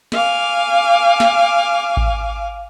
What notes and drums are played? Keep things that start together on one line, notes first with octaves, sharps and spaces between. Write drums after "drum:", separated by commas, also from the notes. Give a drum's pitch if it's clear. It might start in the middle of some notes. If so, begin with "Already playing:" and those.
F5 G#5 D6, drum: snare
drum: snare
drum: kick A1